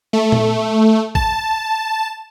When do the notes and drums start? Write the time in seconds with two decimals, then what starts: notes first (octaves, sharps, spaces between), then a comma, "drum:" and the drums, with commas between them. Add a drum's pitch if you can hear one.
0.13 A3
0.32 drum: tom A#2
1.15 A5, drum: kick A1